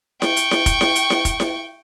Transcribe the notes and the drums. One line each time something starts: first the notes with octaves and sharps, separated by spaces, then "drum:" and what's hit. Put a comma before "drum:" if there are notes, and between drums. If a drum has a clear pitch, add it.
G5 C#6, drum: snare E4
drum: hi-hat
drum: snare E4
drum: kick F1, hi-hat
drum: snare E4
drum: hi-hat
drum: snare E4
drum: kick F1, hi-hat
drum: snare E4